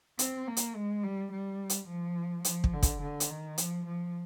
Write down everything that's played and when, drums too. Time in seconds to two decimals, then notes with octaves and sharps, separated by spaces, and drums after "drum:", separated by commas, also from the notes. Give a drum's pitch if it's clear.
0.19 C4, drum: hi-hat
0.47 A#3
0.57 drum: hi-hat
0.75 G#3
1.03 G3
1.32 G3
1.70 drum: hi-hat
1.88 F3
2.45 F3, drum: hi-hat
2.64 drum: kick
2.73 D3
2.83 drum: kick, hi-hat
3.02 D3
3.20 drum: hi-hat
3.29 D#3
3.58 F3, drum: hi-hat
3.86 F3